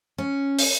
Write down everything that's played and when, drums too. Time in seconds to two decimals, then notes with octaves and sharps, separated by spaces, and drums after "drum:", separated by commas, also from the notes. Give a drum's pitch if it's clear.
0.18 C#4
0.59 drum: open hi-hat